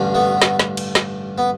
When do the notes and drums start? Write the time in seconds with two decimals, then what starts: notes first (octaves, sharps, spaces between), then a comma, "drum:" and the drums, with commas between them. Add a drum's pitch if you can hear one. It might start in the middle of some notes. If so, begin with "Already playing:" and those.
Already playing: A1 G2 D3
0.15 A3 B3
0.42 drum: snare
0.59 drum: snare
0.77 drum: cymbal
0.95 drum: snare
1.38 B3